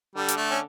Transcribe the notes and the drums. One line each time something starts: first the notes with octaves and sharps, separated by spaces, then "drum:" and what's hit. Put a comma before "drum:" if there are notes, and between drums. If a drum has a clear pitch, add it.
D3 G3
drum: hi-hat
A3
C#4